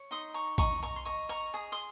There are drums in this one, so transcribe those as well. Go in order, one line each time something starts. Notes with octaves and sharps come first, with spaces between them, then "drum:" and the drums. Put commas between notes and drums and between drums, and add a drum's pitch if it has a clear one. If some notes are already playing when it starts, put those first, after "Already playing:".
Already playing: C#5
D#4 C6 D#6
A#5 C#6
D#5 A#5 C#6, drum: kick A1, hi-hat
A#5 C#6
C6
D#5 A#5 C#6
A#5 C#6
G#4 D#6
C6 D#6